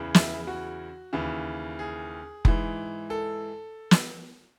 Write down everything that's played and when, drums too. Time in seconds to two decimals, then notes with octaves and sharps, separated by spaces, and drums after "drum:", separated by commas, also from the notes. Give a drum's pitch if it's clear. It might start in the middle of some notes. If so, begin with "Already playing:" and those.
Already playing: E2 C#3 E3
0.14 E4, drum: snare
0.47 F#4
1.13 D#2 C#3 E3
1.79 G#4
2.45 G#2 E3, drum: kick F1
3.10 A4
3.91 drum: snare